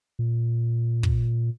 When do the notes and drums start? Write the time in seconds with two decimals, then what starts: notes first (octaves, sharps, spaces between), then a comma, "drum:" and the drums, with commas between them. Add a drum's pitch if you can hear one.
0.19 A#2
1.03 drum: kick